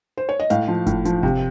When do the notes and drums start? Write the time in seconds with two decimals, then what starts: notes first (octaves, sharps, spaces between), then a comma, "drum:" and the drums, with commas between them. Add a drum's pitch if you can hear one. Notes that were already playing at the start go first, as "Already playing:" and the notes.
0.17 C5
0.29 C#5
0.40 D#5
0.50 A2 F5, drum: hi-hat
0.68 F3
0.86 A2, drum: kick F#1, hi-hat
1.05 F3, drum: hi-hat
1.23 C3, drum: kick F#1